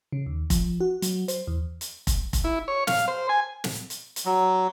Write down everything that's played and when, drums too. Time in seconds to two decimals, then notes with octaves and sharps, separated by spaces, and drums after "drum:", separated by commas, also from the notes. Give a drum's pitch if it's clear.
0.12 C#3
0.26 D#2
0.50 F3, drum: kick F1, hi-hat
0.80 F#4
1.02 F#3, drum: hi-hat
1.28 C5, drum: hi-hat
1.47 E2
1.81 drum: hi-hat
2.07 drum: kick F1, hi-hat
2.33 drum: kick F1, hi-hat
2.44 E4
2.68 C#5
2.87 F5, drum: snare
3.08 C5
3.29 G#5
3.64 drum: snare
3.90 drum: hi-hat
4.16 drum: hi-hat
4.26 F#3